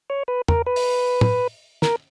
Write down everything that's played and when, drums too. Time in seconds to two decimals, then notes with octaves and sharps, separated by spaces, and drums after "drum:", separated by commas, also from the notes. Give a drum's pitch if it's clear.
0.10 C#5
0.28 B4
0.48 A#4, drum: tom
0.67 B4
0.76 drum: open hi-hat
1.21 drum: tom
1.82 A#4, drum: snare